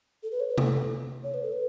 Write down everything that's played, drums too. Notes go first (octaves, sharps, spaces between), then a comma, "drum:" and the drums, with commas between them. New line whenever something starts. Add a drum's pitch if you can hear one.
A4
B4
C#5
B4
A4, drum: tom C3
C#5
B4
A4
B4